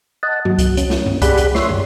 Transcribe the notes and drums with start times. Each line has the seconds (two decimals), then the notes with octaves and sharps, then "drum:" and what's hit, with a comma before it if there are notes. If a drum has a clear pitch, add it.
0.23 D#5 F#5 A5
0.45 F#3, drum: tom G2
0.59 drum: kick C2, hi-hat
0.77 C#4, drum: hi-hat
0.90 drum: snare
1.06 drum: tom G2
1.22 G4 G#4 D5 F#5 B5, drum: kick C2, hi-hat
1.37 drum: hi-hat
1.55 C#5 E5 C6, drum: snare
1.69 G2, drum: tom